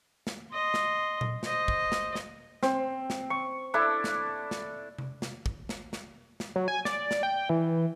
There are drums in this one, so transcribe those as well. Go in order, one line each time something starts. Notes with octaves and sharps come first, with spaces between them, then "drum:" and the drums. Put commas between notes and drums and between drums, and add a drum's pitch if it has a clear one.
drum: snare
D#5 C6
drum: snare
drum: tom A#2
C5 D#5, drum: snare
drum: kick
drum: snare
drum: snare
C4, drum: snare
drum: snare
C#6
D4 E4 A4
drum: snare
drum: snare
drum: tom C3
drum: snare
drum: kick
drum: snare
drum: snare
drum: snare
F#3
G#5
D5, drum: snare
drum: snare
G5
E3